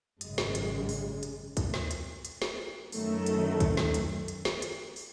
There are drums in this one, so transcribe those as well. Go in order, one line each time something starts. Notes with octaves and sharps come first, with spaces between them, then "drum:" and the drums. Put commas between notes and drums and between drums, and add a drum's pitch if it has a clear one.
G#1 F#2 C#3 G#3, drum: hi-hat
drum: snare
drum: hi-hat
drum: open hi-hat
drum: hi-hat
drum: kick C2, hi-hat
drum: snare
drum: hi-hat
drum: hi-hat
drum: snare
F#2 D#3 F#3 A3, drum: open hi-hat
drum: hi-hat
drum: kick C2, hi-hat
drum: snare
drum: hi-hat
drum: hi-hat
drum: snare
drum: hi-hat
drum: open hi-hat